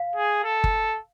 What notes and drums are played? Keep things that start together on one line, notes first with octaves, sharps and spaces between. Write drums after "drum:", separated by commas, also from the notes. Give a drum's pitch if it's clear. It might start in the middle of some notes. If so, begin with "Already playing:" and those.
Already playing: F5
G#4
A4
drum: kick G1